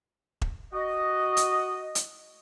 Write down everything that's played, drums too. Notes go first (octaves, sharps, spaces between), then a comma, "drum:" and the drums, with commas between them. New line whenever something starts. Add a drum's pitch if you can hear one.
drum: kick E1
F#4 D#5
drum: hi-hat
drum: hi-hat